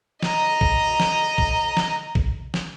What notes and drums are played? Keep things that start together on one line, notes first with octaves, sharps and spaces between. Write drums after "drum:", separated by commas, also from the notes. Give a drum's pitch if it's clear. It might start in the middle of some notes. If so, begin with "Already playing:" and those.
D#5 A#5, drum: snare
drum: kick A#1
drum: snare
drum: kick A#1
drum: snare
drum: kick A#1
drum: snare